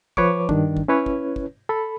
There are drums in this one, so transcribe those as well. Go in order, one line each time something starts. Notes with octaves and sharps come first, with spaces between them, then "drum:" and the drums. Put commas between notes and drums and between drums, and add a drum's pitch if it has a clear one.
F3 B4 C#5 C#6 D6, drum: kick
G2 D#3 D4, drum: kick
drum: kick
C#4 E4 B4 C#5
drum: kick
drum: kick
A4 B5